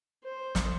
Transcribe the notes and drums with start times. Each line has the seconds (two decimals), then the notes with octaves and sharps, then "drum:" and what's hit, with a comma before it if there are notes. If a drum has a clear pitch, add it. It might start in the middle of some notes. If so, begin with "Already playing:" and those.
0.24 C5
0.55 drum: snare